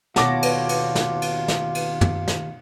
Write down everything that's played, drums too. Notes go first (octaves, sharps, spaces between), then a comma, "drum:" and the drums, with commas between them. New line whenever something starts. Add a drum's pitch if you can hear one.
D#2 B2 F4 C#5 F#5 A5 D6 A#6, drum: snare
drum: cymbal
drum: cymbal
drum: snare
drum: cymbal
drum: snare
drum: cymbal
drum: tom
drum: snare